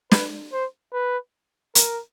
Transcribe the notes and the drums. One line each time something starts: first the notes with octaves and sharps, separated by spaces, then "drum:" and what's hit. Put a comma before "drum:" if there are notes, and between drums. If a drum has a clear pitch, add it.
B4, drum: snare
C5
B4
A#4, drum: hi-hat